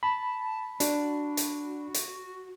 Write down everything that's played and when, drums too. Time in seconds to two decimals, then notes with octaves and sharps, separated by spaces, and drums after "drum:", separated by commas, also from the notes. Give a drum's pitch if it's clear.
0.03 A5 B5
0.80 D4 F#4, drum: hi-hat
1.37 drum: hi-hat
1.94 drum: hi-hat